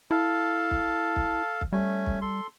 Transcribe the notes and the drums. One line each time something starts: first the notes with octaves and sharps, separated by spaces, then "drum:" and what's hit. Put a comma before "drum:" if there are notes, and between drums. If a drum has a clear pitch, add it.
E4 A4 F5 A5
drum: kick
drum: kick
drum: kick
G3 A3 C#4 G#5
drum: kick
A4 C6